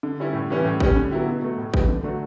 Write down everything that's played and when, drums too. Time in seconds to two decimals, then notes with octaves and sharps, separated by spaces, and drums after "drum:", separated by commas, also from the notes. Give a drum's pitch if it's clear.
0.03 D3
0.20 G3 C#4 E4
0.34 A2
0.50 E3 G3 C#4 E4
0.65 A2
0.80 G3 C#4 G4, drum: kick A1
0.96 D3
1.11 F#3 B3 E4 G4
1.27 B2
1.42 F#3 A3
1.58 A2
1.74 E3 G3 B3, drum: kick A1
1.88 D3
2.04 F#3 A3 D4 F#4